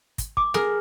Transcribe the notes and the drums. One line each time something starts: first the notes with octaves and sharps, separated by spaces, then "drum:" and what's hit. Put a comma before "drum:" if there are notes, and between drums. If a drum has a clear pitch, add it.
drum: kick, hi-hat
D6, drum: kick
G#4 A#4, drum: snare